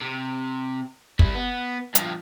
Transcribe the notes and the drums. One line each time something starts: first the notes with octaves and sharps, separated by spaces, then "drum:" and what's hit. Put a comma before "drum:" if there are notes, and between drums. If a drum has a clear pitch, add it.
C3
G3 E4, drum: kick
B3
G2 F3, drum: hi-hat